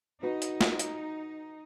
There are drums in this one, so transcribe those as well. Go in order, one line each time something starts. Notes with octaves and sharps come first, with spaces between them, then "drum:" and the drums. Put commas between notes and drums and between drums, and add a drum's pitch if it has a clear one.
D#4 F#4 B4
drum: hi-hat
drum: snare
drum: hi-hat